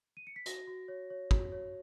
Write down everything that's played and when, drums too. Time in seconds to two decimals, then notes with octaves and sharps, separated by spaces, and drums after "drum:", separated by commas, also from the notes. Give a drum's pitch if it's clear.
0.17 D#7
0.27 C#7
0.36 B6
0.46 F#4 A#6, drum: hi-hat
0.67 F#4
0.88 C#5
1.10 C#5
1.31 F#4, drum: kick
1.52 C#5